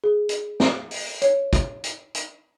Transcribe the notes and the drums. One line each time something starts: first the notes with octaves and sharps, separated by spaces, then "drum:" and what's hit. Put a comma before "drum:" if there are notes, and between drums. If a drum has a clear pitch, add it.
G#4
drum: hi-hat
drum: snare
drum: open hi-hat
C#5, drum: hi-hat
drum: kick, hi-hat
drum: hi-hat
drum: hi-hat